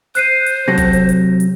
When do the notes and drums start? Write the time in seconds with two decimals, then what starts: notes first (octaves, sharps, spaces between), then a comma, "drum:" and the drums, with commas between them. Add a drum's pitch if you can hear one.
0.15 C5 F#6 C7 D#7, drum: hi-hat
0.46 drum: hi-hat
0.68 C3 F#3 A4 A#6
0.78 drum: kick, hi-hat
0.93 drum: hi-hat
1.09 drum: hi-hat
1.40 drum: hi-hat